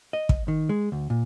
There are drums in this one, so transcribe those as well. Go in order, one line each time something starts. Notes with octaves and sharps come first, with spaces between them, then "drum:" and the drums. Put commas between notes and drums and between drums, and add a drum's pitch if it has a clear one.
D#5
drum: kick
D#3
G#3
D2
A#2